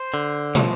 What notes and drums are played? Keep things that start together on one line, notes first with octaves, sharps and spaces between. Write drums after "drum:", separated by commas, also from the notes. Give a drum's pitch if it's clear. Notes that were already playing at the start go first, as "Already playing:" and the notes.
Already playing: C5
D3
F3, drum: tom